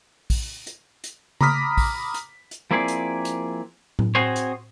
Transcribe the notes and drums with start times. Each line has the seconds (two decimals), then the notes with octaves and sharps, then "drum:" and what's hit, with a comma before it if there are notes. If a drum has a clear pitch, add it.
0.30 drum: kick, open hi-hat
0.67 drum: hi-hat
1.04 drum: hi-hat
1.41 A#5 B5 D6 D#6 F6 B6, drum: tom C#3
1.77 drum: kick, open hi-hat
2.14 drum: hi-hat
2.51 drum: hi-hat
2.71 F3 A#3 C4 E4 G#4 D5
2.88 drum: hi-hat
3.25 drum: hi-hat
3.99 drum: tom A2
4.15 C4 F#4 G#4 C5 C#5
4.36 drum: hi-hat